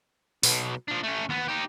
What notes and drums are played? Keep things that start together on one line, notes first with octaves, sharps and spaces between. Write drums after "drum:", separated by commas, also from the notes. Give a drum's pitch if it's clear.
B1 B2, drum: open hi-hat
F3 D4
A3 C#4
D#2 B3
D#4 G4